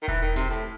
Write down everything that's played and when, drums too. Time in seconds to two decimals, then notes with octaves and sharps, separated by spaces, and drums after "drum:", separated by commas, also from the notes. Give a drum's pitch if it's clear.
0.02 D#3
0.08 E3, drum: kick E1
0.22 D#3
0.36 C3, drum: snare G#1
0.49 A2